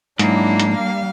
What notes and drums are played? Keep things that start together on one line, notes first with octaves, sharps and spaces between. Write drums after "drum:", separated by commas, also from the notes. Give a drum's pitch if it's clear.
G#2 F#3 A#3 D4 E4, drum: hi-hat
drum: hi-hat
G3 F5